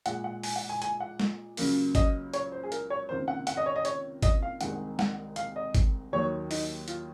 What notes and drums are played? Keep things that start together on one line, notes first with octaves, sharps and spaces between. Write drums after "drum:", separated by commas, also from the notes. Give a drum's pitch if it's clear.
A#2 G#3 F#5, drum: hi-hat
F#5
G#5, drum: open hi-hat
F#5
G#5
G#5, drum: hi-hat
F#5
drum: snare
C#2 C#3 F#3 A#3, drum: open hi-hat
D#5, drum: kick G#1, hi-hat
C#5, drum: hi-hat
C5
G#4
A#4, drum: hi-hat
C#5
C#2 C3 D#3 A#3 C5
F#5
F#5, drum: hi-hat
D#5
C#5
D#5
C#5, drum: hi-hat
D#5, drum: kick G#1, hi-hat
F5
C2 C3 D#3 G#3 F#5, drum: hi-hat
F#5, drum: snare
F5, drum: hi-hat
D#5
drum: kick G#1, hi-hat
D#2 D#3 F#3 C#5
D#4, drum: open hi-hat
F4, drum: hi-hat